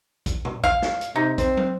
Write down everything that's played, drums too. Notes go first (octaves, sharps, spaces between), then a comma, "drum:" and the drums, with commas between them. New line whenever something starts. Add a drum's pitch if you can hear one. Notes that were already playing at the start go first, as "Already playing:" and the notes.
drum: kick A#1, hi-hat
drum: tom
F5, drum: kick A#1
drum: snare
drum: hi-hat
C3 D#4
C4, drum: kick A#1, hi-hat
drum: tom